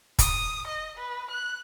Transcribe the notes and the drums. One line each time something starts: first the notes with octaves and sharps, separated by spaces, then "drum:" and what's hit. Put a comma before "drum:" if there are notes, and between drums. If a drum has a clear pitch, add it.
D#6, drum: kick, hi-hat
D#5
B4
F#6